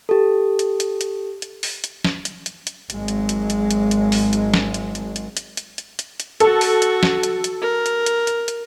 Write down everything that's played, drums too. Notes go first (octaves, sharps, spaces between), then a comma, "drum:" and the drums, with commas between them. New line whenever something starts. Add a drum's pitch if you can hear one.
G4 A4
drum: hi-hat
drum: hi-hat
drum: hi-hat
drum: hi-hat
drum: open hi-hat
drum: hi-hat
drum: snare
drum: hi-hat
drum: hi-hat
drum: hi-hat
G#1 F#3 G#3, drum: hi-hat
drum: hi-hat
drum: hi-hat
drum: hi-hat
drum: hi-hat
drum: hi-hat
drum: open hi-hat
drum: hi-hat
drum: snare
drum: hi-hat
drum: hi-hat
drum: hi-hat
drum: hi-hat
drum: hi-hat
drum: hi-hat
drum: hi-hat
drum: hi-hat
F#4 A4 C#6, drum: hi-hat
drum: open hi-hat
drum: hi-hat
drum: snare
drum: hi-hat
drum: hi-hat
A#4
drum: hi-hat
drum: hi-hat
drum: hi-hat
drum: hi-hat